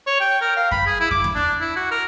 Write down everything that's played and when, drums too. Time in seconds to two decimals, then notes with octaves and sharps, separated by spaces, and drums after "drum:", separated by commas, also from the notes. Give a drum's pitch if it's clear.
0.07 C#5
0.20 G5
0.42 A#4
0.56 F5
0.71 B5, drum: kick F2
0.86 G#4
1.00 E4
1.11 D6, drum: kick F2
1.24 drum: tom
1.35 D4
1.60 E4
1.76 F#4
1.91 A#4